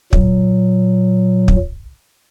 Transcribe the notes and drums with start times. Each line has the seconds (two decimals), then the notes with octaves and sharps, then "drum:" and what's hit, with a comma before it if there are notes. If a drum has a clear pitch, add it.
0.13 A#2 F#3, drum: kick
1.48 drum: kick